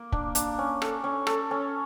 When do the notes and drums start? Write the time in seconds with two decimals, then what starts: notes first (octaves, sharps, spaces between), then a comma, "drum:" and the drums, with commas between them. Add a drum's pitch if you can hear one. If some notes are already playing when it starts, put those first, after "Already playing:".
Already playing: A#3
0.12 D4, drum: kick
0.35 D4, drum: hi-hat
0.59 C#4
0.82 A4, drum: rim click
1.04 C#4
1.27 A4, drum: rim click
1.51 C#4